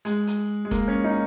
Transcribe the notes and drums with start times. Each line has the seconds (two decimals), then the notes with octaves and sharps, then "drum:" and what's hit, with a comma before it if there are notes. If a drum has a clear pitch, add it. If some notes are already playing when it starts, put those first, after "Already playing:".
0.05 G#3, drum: hi-hat
0.27 drum: hi-hat
0.65 G#3
0.71 A#3, drum: kick F1, hi-hat
0.88 C#4
1.04 D#4